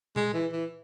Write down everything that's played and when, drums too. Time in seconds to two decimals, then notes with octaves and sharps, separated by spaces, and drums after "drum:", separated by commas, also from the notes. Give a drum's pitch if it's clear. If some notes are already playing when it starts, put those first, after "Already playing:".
0.16 G#3, drum: tom A#2
0.33 E3
0.52 E3